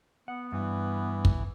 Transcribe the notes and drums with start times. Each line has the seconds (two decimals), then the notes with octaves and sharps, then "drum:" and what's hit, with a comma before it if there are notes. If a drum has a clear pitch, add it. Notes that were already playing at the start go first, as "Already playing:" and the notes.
0.28 B3 F#5
0.52 G2 E3
1.25 drum: kick